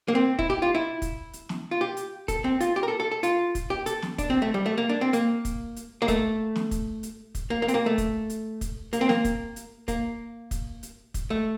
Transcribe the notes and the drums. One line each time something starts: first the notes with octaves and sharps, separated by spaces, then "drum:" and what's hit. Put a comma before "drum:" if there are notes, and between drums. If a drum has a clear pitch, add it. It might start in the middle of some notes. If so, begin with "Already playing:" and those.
A#3
C4
E4, drum: kick
G4
F4
E4
drum: kick, hi-hat
drum: hi-hat
drum: snare
F4
G4
drum: hi-hat
A4, drum: kick, hi-hat
C4
F4, drum: hi-hat
G4
A#4
A4
A4
A4
F4, drum: hi-hat
drum: kick, hi-hat
G4
A4, drum: hi-hat
drum: snare
D4, drum: kick, hi-hat
C4
A3
G3
A3
A#3
D4
C4
A#3, drum: hi-hat
drum: kick, hi-hat
drum: hi-hat
A#3
A3, drum: kick, hi-hat
drum: snare
drum: kick, hi-hat
drum: hi-hat
drum: kick, hi-hat
A#3
A#3
C4, drum: hi-hat
A#3
A3
drum: kick, hi-hat
drum: hi-hat
drum: kick, hi-hat
A#3, drum: hi-hat
C4
A#3, drum: snare
drum: kick, hi-hat
drum: hi-hat
A#3, drum: kick, hi-hat
drum: kick, hi-hat
drum: hi-hat
drum: kick, hi-hat
A3